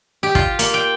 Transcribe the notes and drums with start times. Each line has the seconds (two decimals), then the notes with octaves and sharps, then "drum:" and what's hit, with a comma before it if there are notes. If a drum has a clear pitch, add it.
0.23 G4
0.35 F4, drum: kick
0.59 A#3, drum: hi-hat
0.74 G5